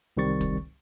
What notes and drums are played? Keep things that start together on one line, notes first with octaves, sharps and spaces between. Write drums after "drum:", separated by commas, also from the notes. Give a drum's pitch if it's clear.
C2 D#3 G3 C4 C#6 A6
drum: kick, hi-hat